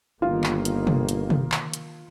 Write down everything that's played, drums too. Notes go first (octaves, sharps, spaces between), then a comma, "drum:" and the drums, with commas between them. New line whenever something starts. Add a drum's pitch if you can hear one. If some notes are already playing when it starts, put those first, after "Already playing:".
G1 D#3 A#3 F4
drum: clap
drum: hi-hat
drum: tom
drum: hi-hat
drum: tom
drum: clap
drum: hi-hat